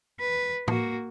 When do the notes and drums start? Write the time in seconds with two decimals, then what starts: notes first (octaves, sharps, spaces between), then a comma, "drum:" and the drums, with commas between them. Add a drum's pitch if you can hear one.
0.20 B4
0.68 A#3 F#4, drum: tom A2